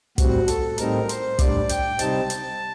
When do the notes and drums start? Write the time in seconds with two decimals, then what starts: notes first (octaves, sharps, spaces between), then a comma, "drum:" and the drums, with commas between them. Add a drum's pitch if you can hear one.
0.18 A2 G3 C4 F#4, drum: kick, hi-hat
0.48 A4, drum: hi-hat
0.78 A2 G3 C4 D#4 A#4, drum: hi-hat
1.09 C5, drum: hi-hat
1.39 A2 G3 D4 D5, drum: kick, hi-hat
1.69 G5, drum: hi-hat
1.99 C3 G3 C4 D#4 A5, drum: hi-hat
2.30 drum: hi-hat